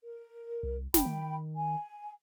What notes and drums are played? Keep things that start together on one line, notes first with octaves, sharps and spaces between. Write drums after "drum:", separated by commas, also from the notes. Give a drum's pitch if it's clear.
A#4
C2
F#1 G5 B5, drum: snare
D#3
G#5